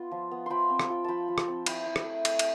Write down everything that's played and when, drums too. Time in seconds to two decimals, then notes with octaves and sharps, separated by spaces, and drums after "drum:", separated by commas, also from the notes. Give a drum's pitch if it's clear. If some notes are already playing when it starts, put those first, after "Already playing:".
Already playing: B3 F4 C6
0.11 F3
0.31 B3
0.46 F3 G5 B5 C6
0.70 C4
0.79 drum: rim click
0.90 F4
1.05 F3 G5 A5 B5
1.28 F3
1.38 drum: rim click
1.48 C4
1.66 E4 G5 B5, drum: cymbal
1.86 E4
1.96 drum: rim click
2.05 A3
2.25 A3, drum: cymbal
2.39 drum: cymbal